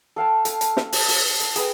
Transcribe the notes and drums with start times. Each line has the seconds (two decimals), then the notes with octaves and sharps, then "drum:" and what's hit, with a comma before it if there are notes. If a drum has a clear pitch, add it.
0.16 A4 F5 G5 A5
0.45 A4, drum: hi-hat
0.61 drum: hi-hat
0.77 drum: snare
0.92 drum: open hi-hat
1.08 drum: open hi-hat
1.40 drum: hi-hat
1.56 G#4 B4 G5, drum: hi-hat